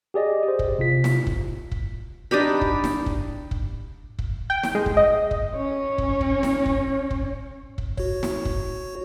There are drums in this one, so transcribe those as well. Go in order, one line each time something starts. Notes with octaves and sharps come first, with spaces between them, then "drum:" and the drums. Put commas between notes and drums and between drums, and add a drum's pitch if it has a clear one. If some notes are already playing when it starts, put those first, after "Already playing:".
G4 G#4 D5 D#5
C5
drum: kick
C3 F4 B6
drum: snare
drum: kick
drum: kick
D4 D#4 G4 B5
drum: kick
drum: snare
drum: kick
drum: kick
drum: kick
G5
drum: snare
G#3
drum: kick
D#5
drum: kick
C#4 C#5
drum: kick
drum: kick
drum: snare
drum: kick
drum: kick
drum: kick
F#4 C#5, drum: kick
drum: snare
drum: kick